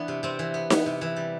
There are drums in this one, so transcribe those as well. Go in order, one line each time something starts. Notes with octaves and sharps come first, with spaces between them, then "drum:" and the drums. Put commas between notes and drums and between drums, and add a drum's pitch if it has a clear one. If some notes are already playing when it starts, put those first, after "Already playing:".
Already playing: E3 B3 D4
C3
C3 C4
E3
B3
B3, drum: snare D#4
C3
E3
G3